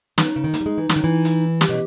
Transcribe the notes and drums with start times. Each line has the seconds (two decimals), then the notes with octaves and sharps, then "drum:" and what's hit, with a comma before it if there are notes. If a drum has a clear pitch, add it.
0.18 B3 D#4, drum: snare
0.36 C#3
0.44 D#3
0.54 A#3, drum: hi-hat
0.61 G3
0.66 G#3
0.78 E3
0.89 E3, drum: snare
0.96 D#3
1.04 E3
1.25 drum: hi-hat
1.61 G4, drum: snare
1.69 B2